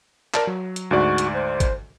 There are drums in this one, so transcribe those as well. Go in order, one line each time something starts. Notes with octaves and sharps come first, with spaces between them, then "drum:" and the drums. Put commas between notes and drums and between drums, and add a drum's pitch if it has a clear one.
A#4 D5 A5, drum: clap
F#3
drum: hi-hat
D2 G#2 F#4 D5
drum: hi-hat
C5
drum: kick G#1, hi-hat